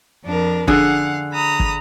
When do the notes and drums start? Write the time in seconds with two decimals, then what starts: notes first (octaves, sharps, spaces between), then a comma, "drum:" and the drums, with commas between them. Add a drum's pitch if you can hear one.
0.25 F2 D4 A#4
0.68 D3 G#4 F5 F#5, drum: kick
1.33 A#5 B5 D#6
1.60 drum: kick